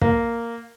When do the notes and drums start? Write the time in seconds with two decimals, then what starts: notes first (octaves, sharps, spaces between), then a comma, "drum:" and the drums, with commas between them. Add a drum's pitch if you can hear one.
0.02 A#3, drum: kick